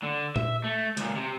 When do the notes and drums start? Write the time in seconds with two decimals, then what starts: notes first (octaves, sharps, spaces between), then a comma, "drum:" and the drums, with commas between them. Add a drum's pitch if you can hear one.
0.03 D3
0.36 E5, drum: tom A#2
0.64 A3
0.97 C#2 A#2, drum: hi-hat
1.16 C3